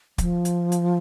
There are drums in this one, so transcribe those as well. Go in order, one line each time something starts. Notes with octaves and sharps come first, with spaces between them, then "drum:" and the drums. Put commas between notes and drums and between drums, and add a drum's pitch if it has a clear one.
F3, drum: kick, hi-hat
drum: hi-hat
drum: hi-hat